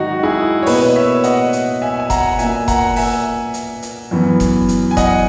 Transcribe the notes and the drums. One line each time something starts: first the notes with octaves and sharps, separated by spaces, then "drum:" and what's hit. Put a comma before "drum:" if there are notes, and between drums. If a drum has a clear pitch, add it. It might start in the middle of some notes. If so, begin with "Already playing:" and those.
Already playing: G#2 D#3 F#3 D#4 F#4
E4 G#4
C#5
B2 A#3 B4 D#5, drum: open hi-hat
C#5 E5
D#5 F#5, drum: hi-hat
drum: hi-hat
E5 G#5
G#5
F#5 A#5, drum: kick F1, hi-hat
A#2 A#3 E5 G#5, drum: hi-hat
F#5 A#5, drum: kick F1, hi-hat
E5 G#5, drum: open hi-hat
drum: hi-hat
drum: hi-hat
F#2 E3 B3
drum: kick F1, hi-hat
drum: hi-hat
G#5
D#5 F#5, drum: kick F1, hi-hat